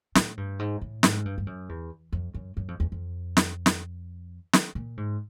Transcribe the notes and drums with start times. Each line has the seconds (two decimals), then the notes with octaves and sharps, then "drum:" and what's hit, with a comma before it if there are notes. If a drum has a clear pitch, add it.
0.15 A2, drum: snare
0.37 G2
0.59 G#2
0.81 A2
1.03 G#2, drum: snare
1.25 G2
1.38 G2
1.47 F#2
1.69 E2
2.13 F2
2.34 F#2
2.57 F#2
2.68 F2
2.80 E2
2.92 F2
3.37 drum: snare
3.66 drum: snare
4.53 drum: snare
4.75 A#2
4.97 G#2